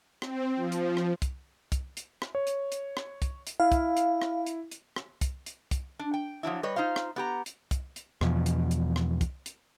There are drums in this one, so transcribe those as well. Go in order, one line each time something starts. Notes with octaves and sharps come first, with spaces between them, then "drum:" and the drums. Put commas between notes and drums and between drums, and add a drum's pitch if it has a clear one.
C4, drum: rim click
F3
drum: hi-hat
drum: rim click
drum: kick, hi-hat
drum: kick, hi-hat
drum: hi-hat
drum: rim click
C#5
drum: hi-hat
drum: hi-hat
drum: rim click
drum: kick, hi-hat
drum: hi-hat
E4 F5
drum: kick, hi-hat
drum: hi-hat
drum: rim click
drum: hi-hat
drum: hi-hat
drum: rim click
drum: kick, hi-hat
drum: hi-hat
drum: kick, hi-hat
D4
G5
F3 F#3 D4 E4
G3 B4 C#5 D#5
D#4 F4 C5 F5
drum: rim click
B3 G4 A#5
drum: hi-hat
drum: kick, hi-hat
drum: hi-hat
E2 B2 F3, drum: rim click
drum: hi-hat
drum: hi-hat
drum: rim click
drum: kick, hi-hat
drum: hi-hat